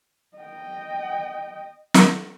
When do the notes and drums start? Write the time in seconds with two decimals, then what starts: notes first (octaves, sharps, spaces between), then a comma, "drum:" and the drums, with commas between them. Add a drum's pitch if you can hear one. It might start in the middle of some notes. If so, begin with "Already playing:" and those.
0.37 D#5 G5
1.95 drum: snare